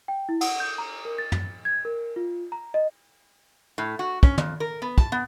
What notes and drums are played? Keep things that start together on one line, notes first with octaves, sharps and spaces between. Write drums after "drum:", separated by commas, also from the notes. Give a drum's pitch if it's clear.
G5
E4
F#5, drum: cymbal
G6
A#5
A#4
A6
drum: tom
G#6
A#4
F4
A#5
D#5
A2
F#4
C#4, drum: kick
F2, drum: tom
A#4
B3
A5, drum: kick
B3